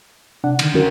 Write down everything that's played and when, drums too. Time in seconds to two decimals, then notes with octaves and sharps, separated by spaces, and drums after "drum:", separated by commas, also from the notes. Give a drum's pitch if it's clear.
0.44 C3 D4 F#5
0.59 D3 D#3, drum: cymbal
0.75 C#4 F#4 A#4